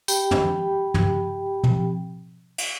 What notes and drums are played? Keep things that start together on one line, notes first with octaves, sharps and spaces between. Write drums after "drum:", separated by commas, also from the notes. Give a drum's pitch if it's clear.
G4 G5 B5, drum: tambourine
drum: tom
drum: tom
drum: tom
drum: cymbal